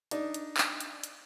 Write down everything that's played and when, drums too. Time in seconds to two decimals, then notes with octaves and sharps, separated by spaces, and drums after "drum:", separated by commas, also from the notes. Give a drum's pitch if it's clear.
0.11 D4 D#4, drum: hi-hat
0.34 drum: hi-hat
0.57 drum: clap
0.80 drum: hi-hat
1.04 drum: hi-hat